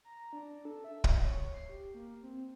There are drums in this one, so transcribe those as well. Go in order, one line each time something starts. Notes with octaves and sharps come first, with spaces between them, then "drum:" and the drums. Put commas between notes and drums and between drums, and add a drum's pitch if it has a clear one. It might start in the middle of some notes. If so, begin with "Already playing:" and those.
A#5
D4
A4
E5
drum: kick
C#5
C7
G4
A#3
C4